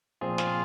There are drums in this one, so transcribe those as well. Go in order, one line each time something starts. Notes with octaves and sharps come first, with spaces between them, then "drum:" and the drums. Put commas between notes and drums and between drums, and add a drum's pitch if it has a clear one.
A#2 F3 C4 F4 G#4
F4 G#4, drum: snare